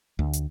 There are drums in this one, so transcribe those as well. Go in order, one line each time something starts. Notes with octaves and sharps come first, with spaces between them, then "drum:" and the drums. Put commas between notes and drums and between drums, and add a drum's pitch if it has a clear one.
D2
drum: hi-hat